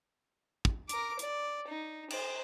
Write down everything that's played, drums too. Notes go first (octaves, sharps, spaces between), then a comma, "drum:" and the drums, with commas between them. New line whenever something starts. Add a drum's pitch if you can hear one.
drum: kick
A#4 D6, drum: hi-hat
D5, drum: hi-hat
D#4
C5, drum: cymbal